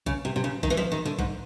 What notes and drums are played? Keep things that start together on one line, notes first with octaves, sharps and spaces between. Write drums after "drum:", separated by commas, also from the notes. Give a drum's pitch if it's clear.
C#3, drum: kick
C3
C3
C#3
D#3, drum: kick
E3
F3, drum: tom F3
D#3
D3
G#2, drum: kick